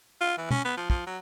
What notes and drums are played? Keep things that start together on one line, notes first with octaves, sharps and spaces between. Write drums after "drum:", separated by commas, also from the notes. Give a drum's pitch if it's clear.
F4
E3
C#4, drum: tom
B3
F3
F3, drum: kick
F#3